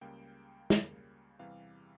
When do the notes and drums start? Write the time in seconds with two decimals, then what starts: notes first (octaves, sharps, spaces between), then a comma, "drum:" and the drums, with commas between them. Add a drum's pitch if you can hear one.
0.01 C#2 C#3 G3 A#3 G5
0.70 C#2 C#3 G3 A#3, drum: snare
1.39 E2 C3 E3 G3 F5